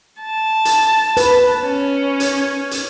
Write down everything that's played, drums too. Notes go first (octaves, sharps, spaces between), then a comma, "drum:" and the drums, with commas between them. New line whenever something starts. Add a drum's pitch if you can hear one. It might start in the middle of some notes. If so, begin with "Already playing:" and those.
A5
drum: hi-hat
B4, drum: hi-hat
C#4
drum: hi-hat
drum: hi-hat